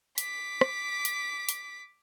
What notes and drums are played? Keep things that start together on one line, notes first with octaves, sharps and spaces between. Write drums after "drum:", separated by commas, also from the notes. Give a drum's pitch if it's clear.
D6 B6, drum: hi-hat
drum: rim click
drum: hi-hat
drum: hi-hat